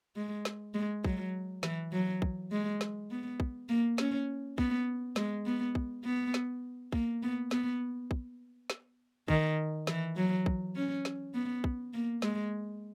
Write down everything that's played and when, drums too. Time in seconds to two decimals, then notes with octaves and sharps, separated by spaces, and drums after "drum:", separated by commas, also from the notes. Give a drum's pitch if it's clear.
0.16 G#3
0.45 drum: snare
0.74 G#3
1.04 F#3, drum: kick
1.63 E3, drum: snare
1.92 F#3
2.22 drum: kick
2.51 G#3
2.81 drum: snare
3.11 B3
3.40 drum: kick
3.69 A#3
3.98 C#4, drum: snare
4.58 B3, drum: kick
5.16 G#3, drum: snare
5.46 B3
5.75 drum: kick
6.05 B3
6.34 drum: snare
6.92 A#3, drum: kick
7.23 B3
7.51 B3, drum: snare
8.11 drum: kick
8.70 drum: snare
9.28 D#3, drum: kick
9.87 E3, drum: snare
10.16 F#3
10.46 drum: kick
10.76 C#4
11.05 drum: snare
11.34 B3
11.64 drum: kick
11.93 A#3
12.22 G#3, drum: snare